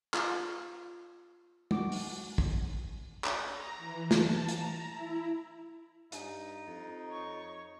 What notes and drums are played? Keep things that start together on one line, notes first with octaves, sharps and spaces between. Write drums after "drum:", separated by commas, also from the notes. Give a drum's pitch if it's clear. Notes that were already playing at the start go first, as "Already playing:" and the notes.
F4, drum: clap
F#4 D6, drum: tom
drum: open hi-hat
drum: kick
drum: clap
A#5
E3
A5, drum: snare
A#5, drum: hi-hat
E4
G2 D#4, drum: hi-hat
F2
C#5 C#6